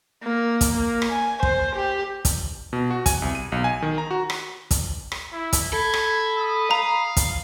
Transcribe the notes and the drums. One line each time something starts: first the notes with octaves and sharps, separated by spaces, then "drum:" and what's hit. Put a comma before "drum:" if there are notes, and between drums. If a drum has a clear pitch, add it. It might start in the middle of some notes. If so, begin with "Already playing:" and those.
A#3
drum: kick, hi-hat
A#3
drum: rim click
G#5
C5, drum: kick
G4
drum: kick, hi-hat
B2
F#4
G#5, drum: kick, hi-hat
C2
D#7
B1
G#5
D#3
A#5
F#4
drum: rim click
drum: kick, hi-hat
drum: rim click
E4
drum: kick, hi-hat
A4 B5 G#6
drum: rim click
D#6
F5 A#5
drum: kick, hi-hat